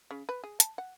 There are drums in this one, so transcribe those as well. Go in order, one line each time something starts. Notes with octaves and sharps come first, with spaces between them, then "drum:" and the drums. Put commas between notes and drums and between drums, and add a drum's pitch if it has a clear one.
C#3
B4
G#4
A5, drum: hi-hat
F#5